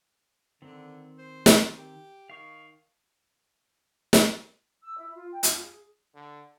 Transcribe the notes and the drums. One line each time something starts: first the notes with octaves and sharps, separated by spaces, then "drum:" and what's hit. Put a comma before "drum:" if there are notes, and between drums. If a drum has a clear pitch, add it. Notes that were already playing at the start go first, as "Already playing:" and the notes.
D3 D#3 C4
C5
drum: snare
G4
D#3 F5 C#6
drum: snare
E6
E4
F4
G5
F4, drum: hi-hat
G#4
D3